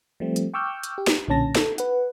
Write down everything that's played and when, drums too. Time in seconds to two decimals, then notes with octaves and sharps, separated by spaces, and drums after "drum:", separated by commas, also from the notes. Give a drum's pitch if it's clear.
0.20 F3 G3 A3 C4
0.36 drum: hi-hat
0.54 G5 C#6 D6 E6 F6 G6
0.83 drum: hi-hat
0.98 G4
1.07 drum: snare
1.28 B1 A#2 D3 C#4 A5 A#6
1.55 A4, drum: snare
1.78 B4 F#5, drum: hi-hat